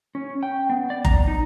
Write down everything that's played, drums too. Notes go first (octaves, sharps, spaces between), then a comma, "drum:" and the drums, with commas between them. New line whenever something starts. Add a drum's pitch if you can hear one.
C#4
G5
B3
D5
A#5, drum: kick F#1
D#4